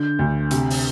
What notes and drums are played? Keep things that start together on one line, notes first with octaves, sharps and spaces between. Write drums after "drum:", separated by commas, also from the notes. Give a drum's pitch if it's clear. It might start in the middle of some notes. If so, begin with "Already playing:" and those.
Already playing: D3 G6
D2
C3, drum: hi-hat
drum: open hi-hat